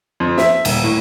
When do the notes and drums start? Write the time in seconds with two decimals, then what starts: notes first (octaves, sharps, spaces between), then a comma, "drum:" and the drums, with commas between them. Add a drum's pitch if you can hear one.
0.20 F2
0.38 E5, drum: snare
0.65 D#1, drum: cymbal
0.84 A2